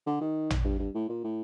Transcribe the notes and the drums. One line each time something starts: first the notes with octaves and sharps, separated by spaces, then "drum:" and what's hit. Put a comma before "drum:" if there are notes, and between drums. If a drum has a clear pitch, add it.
D3
D#3
drum: tom A1
G2
G2
A2
A#2
A2